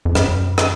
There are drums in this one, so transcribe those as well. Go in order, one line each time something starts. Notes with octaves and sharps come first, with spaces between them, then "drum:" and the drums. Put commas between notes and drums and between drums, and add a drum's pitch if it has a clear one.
F2
F#2, drum: rim click
drum: rim click